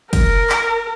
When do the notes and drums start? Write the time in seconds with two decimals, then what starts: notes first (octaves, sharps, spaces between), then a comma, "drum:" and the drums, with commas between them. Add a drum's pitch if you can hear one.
0.13 A#4, drum: kick, cymbal
0.49 drum: clap